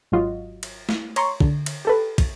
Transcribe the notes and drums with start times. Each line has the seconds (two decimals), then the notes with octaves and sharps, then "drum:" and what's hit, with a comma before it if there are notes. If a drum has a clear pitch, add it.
0.12 G#1 F#3 F4 F#4 D#5
0.63 drum: cymbal
0.89 drum: snare
1.16 C#5 A#5 C6 C#6, drum: cymbal
1.40 D3, drum: kick
1.66 drum: cymbal
1.85 G4 A4 B4
2.18 drum: kick, cymbal